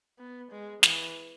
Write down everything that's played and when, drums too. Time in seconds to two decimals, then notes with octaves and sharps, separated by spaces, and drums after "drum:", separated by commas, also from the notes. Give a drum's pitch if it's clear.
0.19 B3
0.51 G#3
0.83 E3, drum: snare